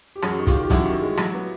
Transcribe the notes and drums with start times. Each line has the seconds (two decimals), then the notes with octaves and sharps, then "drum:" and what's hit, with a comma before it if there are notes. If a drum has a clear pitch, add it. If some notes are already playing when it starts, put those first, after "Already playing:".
0.16 G4
0.22 F#2 F#4 G#4, drum: rim click
0.39 D#3
0.47 F4 G4, drum: kick, hi-hat
0.55 D#3
0.65 G4
0.70 F#2 E4 F#4, drum: kick, hi-hat
0.86 D#3
1.02 G#3
1.17 F#3, drum: rim click
1.34 B3